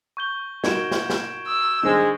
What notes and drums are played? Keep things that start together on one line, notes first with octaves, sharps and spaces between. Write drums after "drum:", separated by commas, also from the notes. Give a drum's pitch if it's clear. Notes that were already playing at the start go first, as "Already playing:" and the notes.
C#6 G6 G7
D#4 F#4 A#4 G#6 D7 E7, drum: snare
drum: snare
drum: snare
D#6 E6
D#3 G#3 D4 C5